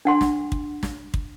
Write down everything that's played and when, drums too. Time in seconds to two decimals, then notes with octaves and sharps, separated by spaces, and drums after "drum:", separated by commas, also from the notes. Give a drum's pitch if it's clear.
0.05 D4 F#5 C6
0.21 drum: snare
0.52 drum: kick
0.83 drum: snare
1.14 drum: kick